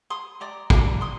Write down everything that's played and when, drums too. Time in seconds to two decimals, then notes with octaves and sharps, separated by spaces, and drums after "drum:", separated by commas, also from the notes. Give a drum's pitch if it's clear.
0.10 C6 D#6
0.40 G4 D5 A#5 D6
0.70 A#5 D6, drum: kick
1.01 C6 D#6